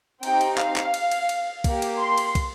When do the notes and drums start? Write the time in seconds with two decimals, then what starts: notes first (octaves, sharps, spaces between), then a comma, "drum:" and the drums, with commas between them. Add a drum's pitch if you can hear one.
0.23 C4 D#4 G4 G5, drum: cymbal
0.41 drum: cymbal
0.58 F5, drum: clap
0.76 drum: clap
0.94 drum: cymbal
1.11 drum: cymbal
1.29 drum: cymbal
1.64 A#3 G4, drum: kick, cymbal
1.82 drum: cymbal
2.00 C6
2.18 drum: cymbal
2.35 drum: kick, cymbal